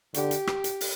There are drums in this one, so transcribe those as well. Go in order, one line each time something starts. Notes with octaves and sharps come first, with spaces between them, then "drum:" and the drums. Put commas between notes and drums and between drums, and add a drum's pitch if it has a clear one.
D3 G4, drum: hi-hat
drum: hi-hat
drum: rim click
drum: hi-hat
drum: open hi-hat